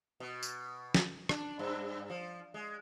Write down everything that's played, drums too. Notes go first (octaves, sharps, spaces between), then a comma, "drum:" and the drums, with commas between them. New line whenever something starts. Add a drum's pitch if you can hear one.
B2
drum: tambourine
drum: snare
D4, drum: rim click
G2
F3
G#3